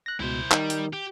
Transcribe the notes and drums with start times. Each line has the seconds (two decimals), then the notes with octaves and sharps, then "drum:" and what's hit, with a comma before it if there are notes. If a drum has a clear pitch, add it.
0.06 F#6 A#6
0.20 C#2 B2 E4 C5
0.51 D#3 G3 D#4, drum: clap
0.70 drum: hi-hat
0.93 G4